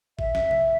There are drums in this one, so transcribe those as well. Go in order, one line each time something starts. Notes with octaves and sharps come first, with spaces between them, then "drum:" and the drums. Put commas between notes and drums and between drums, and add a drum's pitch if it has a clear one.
E5, drum: kick G#1
drum: snare
drum: tom C3